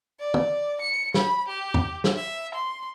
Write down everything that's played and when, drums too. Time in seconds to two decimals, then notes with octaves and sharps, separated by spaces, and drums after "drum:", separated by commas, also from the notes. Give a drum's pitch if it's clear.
0.19 D5
0.34 drum: tom
0.81 C#7
1.14 B5, drum: snare
1.48 G4
1.74 drum: tom E2
2.04 drum: snare
2.16 E5
2.54 C6